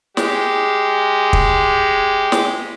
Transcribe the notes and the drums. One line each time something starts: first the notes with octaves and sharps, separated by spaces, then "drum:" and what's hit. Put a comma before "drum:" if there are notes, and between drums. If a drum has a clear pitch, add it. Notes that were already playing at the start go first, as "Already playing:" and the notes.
G#3 G4, drum: snare
drum: kick
drum: snare